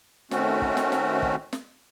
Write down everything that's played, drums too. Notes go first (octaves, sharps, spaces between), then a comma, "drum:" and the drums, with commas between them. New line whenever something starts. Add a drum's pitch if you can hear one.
D#3 A3 C4 C#4 F#4, drum: snare
drum: kick
drum: snare
drum: snare
drum: kick
drum: snare